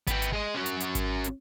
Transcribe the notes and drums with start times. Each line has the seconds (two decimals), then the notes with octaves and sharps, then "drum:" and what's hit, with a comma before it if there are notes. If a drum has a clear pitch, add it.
0.07 B3 G4, drum: kick G#1, hi-hat
0.22 drum: hi-hat
0.32 G#3 D#5
0.54 C#4 F#4
0.66 drum: hi-hat
0.80 drum: hi-hat
0.95 drum: kick G#1, hi-hat
1.24 drum: hi-hat